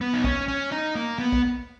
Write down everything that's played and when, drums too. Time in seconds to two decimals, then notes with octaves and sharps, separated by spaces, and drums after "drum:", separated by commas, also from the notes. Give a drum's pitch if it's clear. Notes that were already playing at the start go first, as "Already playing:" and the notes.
0.01 B3
0.14 D#4
0.24 C#4, drum: kick A#1
0.48 C#4
0.72 D#4
0.95 A#3
1.19 B3
1.32 drum: kick A#1